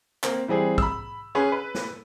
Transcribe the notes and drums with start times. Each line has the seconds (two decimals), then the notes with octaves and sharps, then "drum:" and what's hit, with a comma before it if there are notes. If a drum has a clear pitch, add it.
0.24 A#3 C4, drum: clap
0.48 E3 G3 C4 G#4
0.78 B5 E6, drum: kick B1
1.35 C#4 G#4 B4
1.52 B4
1.75 drum: snare